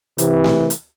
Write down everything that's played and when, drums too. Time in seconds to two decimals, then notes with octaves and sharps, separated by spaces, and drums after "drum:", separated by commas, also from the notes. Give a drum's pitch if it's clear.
0.18 C3 E3, drum: hi-hat
0.44 drum: snare A3
0.70 drum: hi-hat